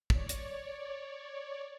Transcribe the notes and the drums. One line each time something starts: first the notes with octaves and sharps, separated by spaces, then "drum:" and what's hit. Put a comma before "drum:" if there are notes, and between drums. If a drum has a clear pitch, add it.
C#5 D5, drum: kick
drum: hi-hat